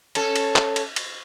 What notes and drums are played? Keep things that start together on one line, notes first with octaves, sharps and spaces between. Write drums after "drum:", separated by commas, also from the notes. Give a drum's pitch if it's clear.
C#4 A4, drum: cymbal
drum: cymbal
drum: clap
drum: cymbal
drum: cymbal